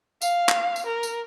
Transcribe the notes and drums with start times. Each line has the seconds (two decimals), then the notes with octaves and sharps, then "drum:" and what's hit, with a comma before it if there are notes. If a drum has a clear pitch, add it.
0.22 F5, drum: tambourine
0.49 drum: clap
0.76 drum: tambourine
0.86 A#4
1.03 drum: tambourine